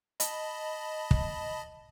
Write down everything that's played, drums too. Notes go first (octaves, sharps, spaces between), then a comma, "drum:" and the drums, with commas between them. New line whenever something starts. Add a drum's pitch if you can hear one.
D#5 A5 B5, drum: hi-hat
drum: kick